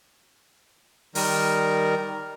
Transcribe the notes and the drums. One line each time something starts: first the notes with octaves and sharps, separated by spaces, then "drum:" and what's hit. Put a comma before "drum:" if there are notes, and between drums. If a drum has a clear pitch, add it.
D#3 G3 A#4, drum: open hi-hat